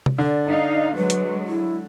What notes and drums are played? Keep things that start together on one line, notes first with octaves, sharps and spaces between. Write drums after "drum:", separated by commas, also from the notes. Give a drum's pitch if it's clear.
drum: tom C3
D3 D5
D#4 F5
F#3 G#3 B4
drum: hi-hat
E4